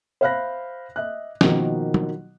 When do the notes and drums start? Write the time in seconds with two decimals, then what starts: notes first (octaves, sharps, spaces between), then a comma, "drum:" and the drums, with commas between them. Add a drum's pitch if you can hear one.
0.21 C5 E5 F5 B5 F#6 A#6
0.96 D#5 E5 F#6
1.41 B2 D#3 F3 A#3 D#4, drum: snare
1.94 drum: tom